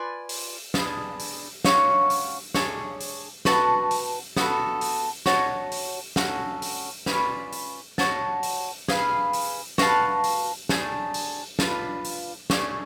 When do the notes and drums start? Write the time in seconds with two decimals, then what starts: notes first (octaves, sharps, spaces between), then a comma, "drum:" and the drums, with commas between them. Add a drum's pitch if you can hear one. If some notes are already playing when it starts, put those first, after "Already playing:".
Already playing: F4 B4 D5 G#5
0.29 drum: open hi-hat
0.74 B3 D4 G#4, drum: snare
1.19 drum: open hi-hat
1.65 C#4 F#4 C#5 F5, drum: snare
2.10 drum: open hi-hat
2.54 D4 G#4 C#5, drum: snare
3.00 drum: open hi-hat
3.45 F#4 B4 F#5 A5, drum: snare
3.91 drum: open hi-hat
4.36 B3 F#4 A4, drum: snare
4.81 drum: open hi-hat
5.26 F#4 C#5 F#5 A5, drum: snare
5.72 drum: open hi-hat
6.16 C#4 F#4 A4, drum: snare
6.62 drum: open hi-hat
7.06 C#4 F4 B4 D5, drum: snare
7.52 drum: open hi-hat
7.98 F#4 C#5 F#5 A5, drum: snare
8.43 drum: open hi-hat
8.88 G#4 B4 F5, drum: snare
9.33 drum: open hi-hat
9.78 F#4 B4 F5 A5, drum: snare
10.24 drum: open hi-hat
10.69 A3 D4 G#4, drum: snare
11.14 drum: open hi-hat
11.59 D4 F4 B4, drum: snare
12.04 drum: open hi-hat
12.50 A3 C#4 G#4 D5, drum: snare